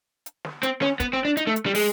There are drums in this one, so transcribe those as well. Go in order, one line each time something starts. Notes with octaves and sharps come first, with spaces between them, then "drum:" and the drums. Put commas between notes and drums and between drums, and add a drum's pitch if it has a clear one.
drum: hi-hat
drum: snare
C4, drum: hi-hat
C#4, drum: snare
B3, drum: kick, hi-hat
C4
D4
D#4, drum: hi-hat
A3
drum: hi-hat
G3
G#3, drum: open hi-hat